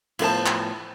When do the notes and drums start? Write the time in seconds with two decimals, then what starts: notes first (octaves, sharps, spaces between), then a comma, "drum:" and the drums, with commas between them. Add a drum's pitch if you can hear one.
0.19 A2 F3 B3 B4 C5 A5, drum: cymbal
0.46 drum: clap